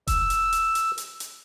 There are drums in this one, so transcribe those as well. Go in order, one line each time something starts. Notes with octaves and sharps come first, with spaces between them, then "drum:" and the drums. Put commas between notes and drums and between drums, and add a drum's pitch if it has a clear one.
E6, drum: kick E1, hi-hat
drum: hi-hat
drum: hi-hat
drum: hi-hat
drum: hi-hat
drum: hi-hat